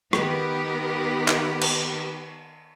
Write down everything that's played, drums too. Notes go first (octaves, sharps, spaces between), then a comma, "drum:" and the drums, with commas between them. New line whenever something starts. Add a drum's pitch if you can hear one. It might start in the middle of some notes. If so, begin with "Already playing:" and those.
D#3 B3 G4 A#4 B4, drum: rim click
drum: clap
drum: cymbal